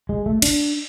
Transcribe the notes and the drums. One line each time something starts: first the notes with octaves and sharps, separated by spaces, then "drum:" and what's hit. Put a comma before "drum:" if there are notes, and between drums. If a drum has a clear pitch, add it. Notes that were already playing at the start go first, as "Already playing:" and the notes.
G#3
A3
D4, drum: cymbal